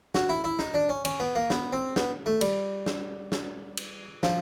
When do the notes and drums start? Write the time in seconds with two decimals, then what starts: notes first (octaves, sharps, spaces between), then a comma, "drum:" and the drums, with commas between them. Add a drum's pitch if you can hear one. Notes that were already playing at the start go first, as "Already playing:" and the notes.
0.15 F#4, drum: snare
0.29 E4
0.44 E4
0.59 D#4, drum: snare
0.74 D4
0.89 C#4
1.05 C#4, drum: cymbal
1.20 B3
1.35 A#3
1.50 B3, drum: snare
1.73 C4
1.96 B3, drum: snare
2.26 A3
2.41 G3, drum: cymbal
2.86 drum: snare
3.32 drum: snare
3.77 drum: cymbal
4.23 F3, drum: snare